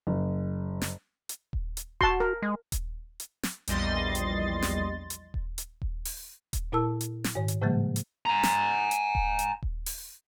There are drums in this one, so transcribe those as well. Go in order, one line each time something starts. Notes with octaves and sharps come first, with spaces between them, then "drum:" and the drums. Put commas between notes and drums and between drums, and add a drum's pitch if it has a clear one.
F#1
drum: snare
drum: hi-hat
drum: kick D#1
drum: hi-hat
F#4 A5 C6, drum: kick D#1
A#4
G#3
drum: kick D#1, hi-hat
drum: hi-hat
drum: snare
A#1 E2 G3 D#5 C6 A6, drum: hi-hat
drum: hi-hat
drum: snare
drum: hi-hat
drum: kick D#1
drum: hi-hat
drum: kick D#1
drum: open hi-hat
drum: kick D#1, hi-hat
A#2 E4 A#4 A5 E6
drum: hi-hat
drum: snare
G#2 D#3 C#5
drum: hi-hat
A2 C#3 F3 G3 G#3 A#3
drum: hi-hat
G#5 A#5
drum: snare
drum: hi-hat
drum: kick D#1
drum: hi-hat
drum: kick D#1
drum: open hi-hat